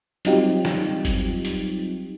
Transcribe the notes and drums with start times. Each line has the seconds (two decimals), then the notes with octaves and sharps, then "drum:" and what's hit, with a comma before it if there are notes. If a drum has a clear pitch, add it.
0.25 F#3 G3 C4 D#4 F4 G4, drum: hi-hat
0.65 drum: snare
1.05 drum: kick F#1, hi-hat
1.45 drum: hi-hat